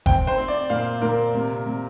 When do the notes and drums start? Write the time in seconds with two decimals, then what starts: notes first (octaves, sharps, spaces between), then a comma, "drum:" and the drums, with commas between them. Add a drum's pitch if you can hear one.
0.06 C4 G5, drum: kick F#1
0.27 C5
0.38 C4
0.48 D5
0.70 A#2 F5
1.02 A#2 A#4
1.34 C3
1.66 C3